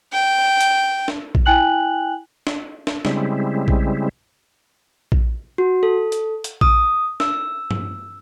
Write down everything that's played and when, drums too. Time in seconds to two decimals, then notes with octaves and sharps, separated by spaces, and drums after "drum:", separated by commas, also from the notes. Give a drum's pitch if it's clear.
0.13 G5
0.61 drum: hi-hat
1.08 drum: snare
1.35 drum: kick A#1
1.46 E4 G5 G#5 F#6 F#7
2.47 drum: snare
2.87 drum: snare
3.05 C#3 G3 G#3 C4 E4, drum: snare
3.68 drum: kick A#1
5.12 drum: kick A#1
5.58 F#4
5.83 A4
6.12 drum: hi-hat
6.44 drum: hi-hat
6.61 D#6, drum: kick A#1
7.20 E6, drum: snare
7.71 drum: tom G2